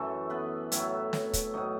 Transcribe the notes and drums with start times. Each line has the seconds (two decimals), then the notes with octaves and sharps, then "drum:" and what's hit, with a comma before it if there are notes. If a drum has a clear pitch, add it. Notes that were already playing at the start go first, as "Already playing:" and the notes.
Already playing: F#2 E3 A3 A4
0.30 B3 B4
0.72 A2 F#3 E4 E5, drum: hi-hat
1.13 drum: snare
1.33 drum: kick, hi-hat
1.53 A2 F#3 D#4 D#5